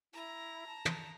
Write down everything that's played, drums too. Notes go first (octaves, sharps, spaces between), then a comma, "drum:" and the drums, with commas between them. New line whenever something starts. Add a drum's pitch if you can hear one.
E4 A#5
A5
drum: tom